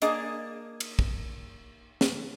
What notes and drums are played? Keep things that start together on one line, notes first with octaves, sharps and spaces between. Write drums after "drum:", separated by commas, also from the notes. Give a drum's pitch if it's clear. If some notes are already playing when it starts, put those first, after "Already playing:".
A#3 D4 G#4 D#5, drum: hi-hat
drum: cymbal
drum: kick
drum: snare